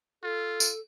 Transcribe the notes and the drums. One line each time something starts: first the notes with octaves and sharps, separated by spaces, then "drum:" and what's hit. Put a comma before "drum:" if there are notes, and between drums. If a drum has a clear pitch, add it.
F4 A4
drum: tambourine